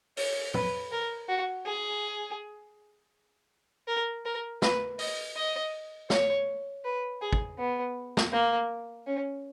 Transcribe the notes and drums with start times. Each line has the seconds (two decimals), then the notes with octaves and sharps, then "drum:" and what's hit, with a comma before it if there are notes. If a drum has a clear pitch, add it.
0.17 C#5, drum: open hi-hat
0.54 B4, drum: tom
0.92 A#4
1.28 F#4
1.66 G#4
3.88 A#4
4.25 A#4
4.62 B4, drum: snare
4.99 D#5, drum: open hi-hat
5.36 D#5
6.10 C#5, drum: snare
6.84 B4
7.21 G#4
7.33 drum: kick
7.58 B3
8.17 drum: snare
8.32 A#3
9.06 C#4